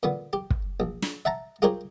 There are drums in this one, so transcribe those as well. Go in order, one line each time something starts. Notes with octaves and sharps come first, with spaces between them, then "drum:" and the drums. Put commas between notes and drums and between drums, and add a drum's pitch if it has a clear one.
A#2 D3 B3
G4
drum: kick
A#1
drum: snare
E5 F#5 A5 A#5
F4 G4 G#4 A#4 C5 C#5